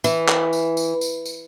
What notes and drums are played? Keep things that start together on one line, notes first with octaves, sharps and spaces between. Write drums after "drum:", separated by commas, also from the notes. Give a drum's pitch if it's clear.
E3, drum: tambourine
drum: clap
drum: tambourine
drum: tambourine
drum: tambourine
drum: tambourine